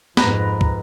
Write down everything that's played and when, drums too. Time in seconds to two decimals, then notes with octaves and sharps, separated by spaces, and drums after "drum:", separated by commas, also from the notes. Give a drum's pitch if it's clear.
0.17 F2 G#2 B4 A#5, drum: snare
0.61 drum: kick